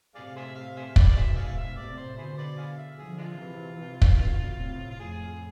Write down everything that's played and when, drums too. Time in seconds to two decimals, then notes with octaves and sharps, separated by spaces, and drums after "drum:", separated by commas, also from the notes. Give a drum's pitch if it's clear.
0.15 A2 C3 G#4 D5 F5
0.36 G#4 C5 E5
0.55 F5
0.76 G#4 C5 E5
0.96 G#2 B2 B4 D5, drum: kick
1.17 G#4 C5 E5
1.37 G#4 D5 F5
1.57 E5
1.76 A2 C3 D5
1.97 C5
2.17 B2 D3 E4 G#4 C5
2.38 B4 D5
2.58 G#4 D5 F5
2.78 E5
2.98 D3 F3 G#4
3.18 G#3 D4 F4
3.37 C3 E3
3.78 C3 E3
4.02 drum: kick
4.18 B2 D3
4.58 A2 C3
4.90 F4
4.99 F2 A2 G#4